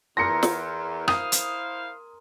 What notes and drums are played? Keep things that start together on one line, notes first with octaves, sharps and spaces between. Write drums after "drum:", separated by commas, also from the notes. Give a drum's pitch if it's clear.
E2 A#4 G#5 C6 A#6 C#7
drum: snare
E4 C5 F5 D#6, drum: rim click
drum: hi-hat